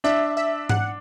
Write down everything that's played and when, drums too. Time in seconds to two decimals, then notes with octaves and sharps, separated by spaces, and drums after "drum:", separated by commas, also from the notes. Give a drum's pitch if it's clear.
0.04 D4 E5
0.37 E5
0.69 F#5, drum: tom G#2